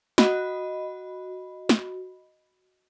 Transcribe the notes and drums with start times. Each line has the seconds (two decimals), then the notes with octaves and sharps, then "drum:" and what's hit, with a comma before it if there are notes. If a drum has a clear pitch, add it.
0.18 F#4 D#5 B5, drum: snare
1.69 drum: snare